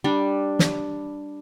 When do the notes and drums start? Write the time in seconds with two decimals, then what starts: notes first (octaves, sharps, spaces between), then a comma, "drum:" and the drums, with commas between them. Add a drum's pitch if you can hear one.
0.04 G3 D4
0.59 drum: snare